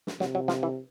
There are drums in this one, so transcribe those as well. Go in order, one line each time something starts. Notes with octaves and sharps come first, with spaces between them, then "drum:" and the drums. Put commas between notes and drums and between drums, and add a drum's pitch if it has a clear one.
drum: snare
C3 F#3, drum: snare
F#3
F3, drum: snare
E3